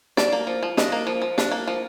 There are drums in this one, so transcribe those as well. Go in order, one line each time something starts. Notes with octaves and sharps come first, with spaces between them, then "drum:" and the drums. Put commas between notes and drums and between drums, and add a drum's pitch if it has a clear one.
D4 D5, drum: snare
A#3
F3
F3
D4 D#5, drum: snare
A#3
F3
F3
D4, drum: snare
A#3
F3